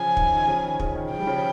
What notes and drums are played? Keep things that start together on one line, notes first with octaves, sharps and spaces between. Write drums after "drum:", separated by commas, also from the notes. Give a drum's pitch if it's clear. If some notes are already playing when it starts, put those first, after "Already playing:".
Already playing: C#3 F3 G#5
D#3, drum: kick
D#3
C#3 F3
D#3
C#3, drum: kick
D#3
F3 G5
G3
C#3 F3